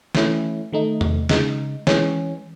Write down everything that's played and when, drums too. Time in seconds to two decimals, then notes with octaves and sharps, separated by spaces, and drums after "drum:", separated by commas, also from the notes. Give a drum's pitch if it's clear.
0.15 E3 A3 C#4 E4, drum: snare
0.73 D#3 A3 D#4
1.01 drum: tom E2
1.29 C#3 G#3 D#4, drum: snare
1.87 E3 G#3 C#4, drum: snare